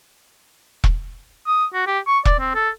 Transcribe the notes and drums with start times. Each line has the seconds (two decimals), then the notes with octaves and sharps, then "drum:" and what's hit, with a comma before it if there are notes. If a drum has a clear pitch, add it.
0.84 drum: kick E1
1.47 D#6
1.74 F#4
1.87 G4
2.07 C#6
2.25 D5, drum: kick E1
2.39 C4
2.55 A4